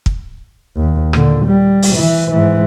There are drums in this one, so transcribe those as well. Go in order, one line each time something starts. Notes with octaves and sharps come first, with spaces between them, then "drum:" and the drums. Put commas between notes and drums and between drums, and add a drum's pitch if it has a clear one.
drum: kick
D#2
A#2 D3, drum: rim click
G3
drum: open hi-hat
E3
G#2 E3